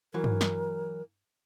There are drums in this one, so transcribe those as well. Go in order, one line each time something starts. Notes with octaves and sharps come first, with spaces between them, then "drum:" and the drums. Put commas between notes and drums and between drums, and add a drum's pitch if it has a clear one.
E3 F#3 A#4
drum: tom G2
drum: snare